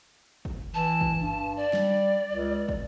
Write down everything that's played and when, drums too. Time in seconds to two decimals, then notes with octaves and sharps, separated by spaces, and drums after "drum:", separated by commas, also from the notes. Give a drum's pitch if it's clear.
0.45 drum: kick
0.74 E3 A5
1.01 drum: kick
1.22 G2
1.57 D5
1.73 G3, drum: snare
2.33 C#2
2.69 drum: kick